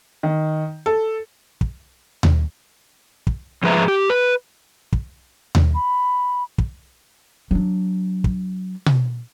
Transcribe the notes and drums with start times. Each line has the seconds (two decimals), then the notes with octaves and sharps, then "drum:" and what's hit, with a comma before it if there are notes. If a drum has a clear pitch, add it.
0.23 D#3
0.86 A4
1.61 drum: kick
2.23 drum: tom D#2
3.27 drum: kick
3.63 G#2 F3 G#4 B4 E5 A#5
3.88 G4
4.10 B4
4.93 drum: kick
5.55 drum: tom D#2
5.75 B5
6.58 drum: kick
7.51 F#3 D4
8.24 drum: kick
8.86 drum: tom B2